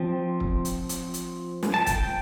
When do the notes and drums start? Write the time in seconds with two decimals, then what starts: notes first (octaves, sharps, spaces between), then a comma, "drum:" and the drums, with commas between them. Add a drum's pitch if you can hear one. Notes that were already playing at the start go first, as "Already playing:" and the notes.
Already playing: F3 C4
0.40 drum: kick
0.65 drum: hi-hat
0.89 drum: hi-hat
1.14 drum: hi-hat
1.63 drum: snare
1.74 A5
1.86 G5, drum: kick, hi-hat